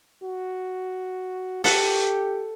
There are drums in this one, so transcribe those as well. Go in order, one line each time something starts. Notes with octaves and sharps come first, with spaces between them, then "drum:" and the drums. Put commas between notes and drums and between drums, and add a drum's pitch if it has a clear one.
F#4
G4 A4 F#5, drum: open hi-hat